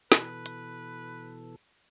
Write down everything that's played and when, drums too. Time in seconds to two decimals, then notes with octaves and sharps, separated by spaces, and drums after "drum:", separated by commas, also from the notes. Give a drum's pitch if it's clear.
0.12 B2 E3 A4 B4, drum: snare
0.46 drum: hi-hat